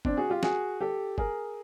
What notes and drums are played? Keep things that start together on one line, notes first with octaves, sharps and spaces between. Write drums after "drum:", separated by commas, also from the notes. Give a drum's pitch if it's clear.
C4 D4, drum: kick
F#4 G#4
F4 G4
F#4 G#4, drum: snare
G4 A4
G#4 A#4, drum: kick